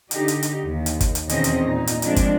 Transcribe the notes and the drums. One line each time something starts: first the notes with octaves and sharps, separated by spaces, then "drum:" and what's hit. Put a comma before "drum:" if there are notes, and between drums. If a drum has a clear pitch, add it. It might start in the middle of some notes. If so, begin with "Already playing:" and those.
D3 D#4 G4, drum: hi-hat
drum: hi-hat
drum: hi-hat
D#2 D#3
drum: hi-hat
drum: kick, hi-hat
drum: hi-hat
E2 B2 D#3 C4 C#4 D#5, drum: hi-hat
drum: hi-hat
A#2 D#4
drum: hi-hat
F3 G#3 A3 C4 D4, drum: hi-hat
drum: kick, hi-hat